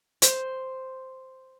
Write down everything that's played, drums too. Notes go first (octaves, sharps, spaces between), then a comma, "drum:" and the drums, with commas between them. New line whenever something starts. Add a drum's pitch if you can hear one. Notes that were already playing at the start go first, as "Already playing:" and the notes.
C5, drum: hi-hat